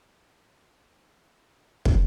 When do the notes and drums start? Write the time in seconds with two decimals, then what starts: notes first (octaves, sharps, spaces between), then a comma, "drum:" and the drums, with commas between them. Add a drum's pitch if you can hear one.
0.15 D4 F#4 D5 F5 E6
1.85 drum: kick